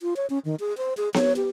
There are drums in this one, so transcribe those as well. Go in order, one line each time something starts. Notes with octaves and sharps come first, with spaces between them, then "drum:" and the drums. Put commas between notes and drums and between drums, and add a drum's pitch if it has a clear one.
F4
C#5
C#4
D#3
G#4
C5
G#4
C#5, drum: snare B3
G4